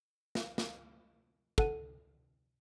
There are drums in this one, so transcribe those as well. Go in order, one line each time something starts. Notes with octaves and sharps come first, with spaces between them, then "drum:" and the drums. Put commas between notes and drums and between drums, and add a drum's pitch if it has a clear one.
drum: snare
drum: snare
A4 F#5 D#7, drum: kick